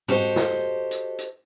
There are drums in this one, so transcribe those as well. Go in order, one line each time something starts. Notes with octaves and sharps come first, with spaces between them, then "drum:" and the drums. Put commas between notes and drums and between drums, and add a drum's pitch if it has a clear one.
F#4 G4 A4 B4 C5 D#5, drum: tom
drum: snare
drum: hi-hat
drum: hi-hat